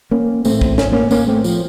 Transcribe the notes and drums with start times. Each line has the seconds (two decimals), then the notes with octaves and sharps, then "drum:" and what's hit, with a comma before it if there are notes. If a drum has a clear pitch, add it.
0.11 A#3 C#4
0.45 A1 A2 A3 C4, drum: tambourine
0.61 drum: kick
0.78 C#4, drum: snare
0.92 A#3 C#4
1.11 A#3 C#4, drum: tambourine
1.27 A3 C4
1.44 F3, drum: tambourine